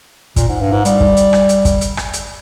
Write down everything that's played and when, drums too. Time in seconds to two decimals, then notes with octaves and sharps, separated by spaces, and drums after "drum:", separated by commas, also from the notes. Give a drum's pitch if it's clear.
0.36 A#2, drum: kick, hi-hat
0.49 G#2
0.61 G2
0.72 G#2
0.85 G3, drum: hi-hat
1.00 drum: kick
1.17 drum: hi-hat
1.33 drum: rim click
1.49 drum: hi-hat
1.65 drum: kick, hi-hat
1.81 drum: hi-hat
1.97 drum: rim click
2.13 drum: hi-hat